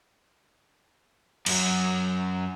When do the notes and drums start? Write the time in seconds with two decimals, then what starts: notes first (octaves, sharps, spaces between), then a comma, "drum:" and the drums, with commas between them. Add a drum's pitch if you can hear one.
1.46 F#2 F#3, drum: cymbal